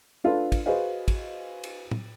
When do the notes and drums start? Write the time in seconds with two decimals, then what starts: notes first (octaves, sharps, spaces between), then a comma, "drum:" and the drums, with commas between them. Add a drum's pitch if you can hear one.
0.24 D4 F4 A4 B4
0.52 drum: kick, cymbal
0.66 F#4 G#4 B4 C5 D#5 F5
1.08 drum: kick, cymbal
1.64 drum: cymbal
1.91 drum: tom